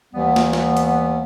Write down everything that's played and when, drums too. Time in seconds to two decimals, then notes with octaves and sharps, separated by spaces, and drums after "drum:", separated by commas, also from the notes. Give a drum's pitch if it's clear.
0.14 D#2 E3 G3 B3
0.36 drum: snare
0.53 drum: snare
0.77 drum: hi-hat